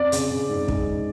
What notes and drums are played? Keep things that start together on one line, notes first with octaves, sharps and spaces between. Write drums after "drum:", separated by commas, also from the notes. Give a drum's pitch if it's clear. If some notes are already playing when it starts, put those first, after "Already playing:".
Already playing: F2 D5
C#3, drum: hi-hat
C#3
G#2
G#2, drum: kick